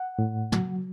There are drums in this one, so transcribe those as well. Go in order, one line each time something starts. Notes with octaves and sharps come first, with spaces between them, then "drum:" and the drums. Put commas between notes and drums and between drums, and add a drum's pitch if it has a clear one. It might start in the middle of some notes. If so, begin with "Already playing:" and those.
Already playing: F#5
A2
F#3, drum: tom